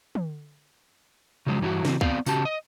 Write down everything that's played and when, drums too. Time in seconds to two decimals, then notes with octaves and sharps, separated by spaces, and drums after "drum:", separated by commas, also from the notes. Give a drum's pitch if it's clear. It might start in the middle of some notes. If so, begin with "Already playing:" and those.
0.15 drum: tom
1.46 C#3 F3 F#3 G#3
1.61 G2 E3 F#3 E4 F#4
1.85 C#3 E3 C4 F#4, drum: snare
2.01 B3 C4 D5 F5, drum: kick C#2
2.26 C#3 C#4 F#4 G4 A5, drum: tambourine
2.45 D#5